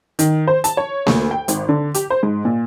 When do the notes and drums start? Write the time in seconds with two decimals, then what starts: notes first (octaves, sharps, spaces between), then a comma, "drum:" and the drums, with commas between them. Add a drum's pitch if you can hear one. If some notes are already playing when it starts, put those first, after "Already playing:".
0.19 D#3, drum: hi-hat
0.47 C5
0.64 A5, drum: hi-hat
0.77 C#5
1.07 D2, drum: snare A#3
1.31 G5
1.48 G#1, drum: hi-hat
1.69 D3
1.94 G4, drum: hi-hat
2.10 C5
2.23 G#2
2.45 A#2